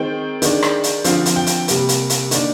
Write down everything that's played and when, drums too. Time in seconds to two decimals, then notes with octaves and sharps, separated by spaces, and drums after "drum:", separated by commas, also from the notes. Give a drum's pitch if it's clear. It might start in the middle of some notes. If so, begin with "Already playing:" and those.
Already playing: D#3 G#3 C4 G5
0.42 D#3 G#3 D4, drum: hi-hat
0.63 drum: rim click
0.84 drum: hi-hat
1.04 D3 F3 C4 F5, drum: hi-hat
1.26 drum: hi-hat
1.36 G5
1.47 drum: hi-hat
1.68 C3 G3 A#3, drum: hi-hat
1.89 drum: hi-hat
2.10 drum: hi-hat
2.31 D#3 A#3 D4, drum: hi-hat